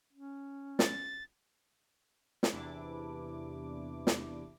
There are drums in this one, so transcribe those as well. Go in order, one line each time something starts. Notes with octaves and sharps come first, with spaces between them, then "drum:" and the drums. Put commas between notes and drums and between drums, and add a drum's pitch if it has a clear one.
C#4
A6, drum: snare
drum: snare
E2 C3 E3 D4 E4 D6
drum: snare